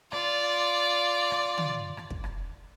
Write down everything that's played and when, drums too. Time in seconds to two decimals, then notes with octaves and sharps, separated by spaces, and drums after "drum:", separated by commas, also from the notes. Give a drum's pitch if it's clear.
0.12 F4 D5, drum: rim click
1.31 drum: rim click
1.58 drum: tom
1.97 drum: rim click
2.10 drum: kick
2.24 drum: rim click